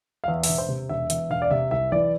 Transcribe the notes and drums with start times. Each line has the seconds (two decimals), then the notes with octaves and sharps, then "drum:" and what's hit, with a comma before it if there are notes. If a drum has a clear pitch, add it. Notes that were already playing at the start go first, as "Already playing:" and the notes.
0.24 F5
0.28 E2 E5
0.44 E5, drum: open hi-hat
0.49 E1
0.58 C5
0.68 C3
0.89 E1 E5
1.10 E2 E5, drum: hi-hat
1.30 E1 F5
1.42 D5
1.51 C3 E5
1.71 C2 E5
1.92 E3 D5